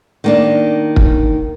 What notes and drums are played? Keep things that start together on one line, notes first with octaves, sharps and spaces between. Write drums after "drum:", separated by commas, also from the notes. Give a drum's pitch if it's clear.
D#3 A#3 D4
drum: kick